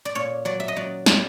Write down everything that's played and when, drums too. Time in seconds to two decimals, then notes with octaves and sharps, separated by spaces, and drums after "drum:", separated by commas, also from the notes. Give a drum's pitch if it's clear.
0.05 D5
0.15 A#2 C#5
0.45 F#3 D5
0.60 E5
0.68 D#5
0.76 F#3 D5
1.06 F#3 D5, drum: snare